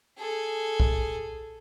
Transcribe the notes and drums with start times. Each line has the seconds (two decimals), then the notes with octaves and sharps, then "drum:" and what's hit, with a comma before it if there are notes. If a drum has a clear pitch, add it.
0.18 G#4 A4
0.80 drum: kick